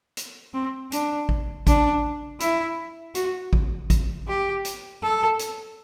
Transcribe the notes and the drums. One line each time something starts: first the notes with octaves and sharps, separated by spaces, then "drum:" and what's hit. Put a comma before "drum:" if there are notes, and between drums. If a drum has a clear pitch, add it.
drum: hi-hat
C4
D4, drum: hi-hat
drum: kick A1
D4, drum: kick A1, hi-hat
E4, drum: hi-hat
F#4, drum: hi-hat
drum: kick A1
drum: kick A1, hi-hat
G4
drum: hi-hat
A4
drum: hi-hat